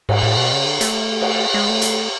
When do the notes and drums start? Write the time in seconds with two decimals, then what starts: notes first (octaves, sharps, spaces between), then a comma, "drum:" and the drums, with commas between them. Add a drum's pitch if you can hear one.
0.09 G#2, drum: cymbal
0.23 A2
0.37 B2
0.53 C#3
0.66 D3
0.81 A3, drum: hi-hat
1.21 drum: cymbal
1.54 G#3
1.69 A3
1.82 drum: hi-hat